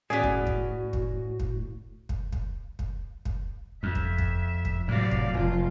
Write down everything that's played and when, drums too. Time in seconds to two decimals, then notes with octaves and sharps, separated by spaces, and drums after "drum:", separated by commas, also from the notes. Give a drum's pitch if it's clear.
0.10 A2 B3 C#4 F#4 G#4 D5
0.23 drum: kick
0.47 drum: kick
0.93 drum: kick
1.40 drum: kick
2.09 drum: kick
2.33 drum: kick
2.79 drum: kick
3.25 drum: kick
3.83 F2 E5
3.95 drum: kick
4.18 drum: kick
4.65 drum: kick
4.88 A2 C3 F#3 D5 F5
5.11 drum: kick
5.34 F1 F4